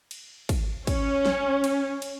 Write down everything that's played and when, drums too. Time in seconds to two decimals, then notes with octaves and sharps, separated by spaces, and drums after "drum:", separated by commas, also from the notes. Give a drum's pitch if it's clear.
0.11 drum: cymbal
0.49 drum: kick, cymbal
0.87 C#4, drum: kick, cymbal
1.26 drum: snare
1.64 drum: cymbal
2.02 drum: cymbal